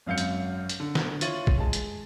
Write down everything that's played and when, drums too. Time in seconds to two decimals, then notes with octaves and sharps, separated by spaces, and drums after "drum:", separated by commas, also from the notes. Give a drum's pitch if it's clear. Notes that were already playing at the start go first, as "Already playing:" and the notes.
0.06 G#1 F#2 F5 G6 C#7
0.18 drum: hi-hat
0.69 drum: hi-hat
0.80 D3
0.95 drum: snare
1.21 E4 F4 C#5 A6 D#7 F#7, drum: hi-hat
1.47 drum: kick
1.58 G#3 A5
1.73 drum: hi-hat